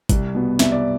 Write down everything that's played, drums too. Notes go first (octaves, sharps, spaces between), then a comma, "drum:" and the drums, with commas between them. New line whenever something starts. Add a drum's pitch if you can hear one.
C2, drum: kick G#1, hi-hat
B2 B3
C2 E5, drum: snare
D5